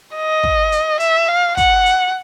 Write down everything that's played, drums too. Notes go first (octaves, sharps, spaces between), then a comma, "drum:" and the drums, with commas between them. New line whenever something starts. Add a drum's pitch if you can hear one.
D#5
drum: kick
drum: hi-hat
E5, drum: hi-hat
F5
F#5, drum: kick, hi-hat
drum: hi-hat